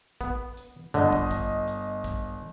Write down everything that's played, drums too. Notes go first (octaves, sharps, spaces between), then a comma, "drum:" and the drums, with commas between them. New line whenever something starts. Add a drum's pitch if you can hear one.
B3, drum: kick, hi-hat
drum: hi-hat
G1 D3 D#5, drum: hi-hat
drum: kick
drum: kick, hi-hat
drum: hi-hat
drum: kick, hi-hat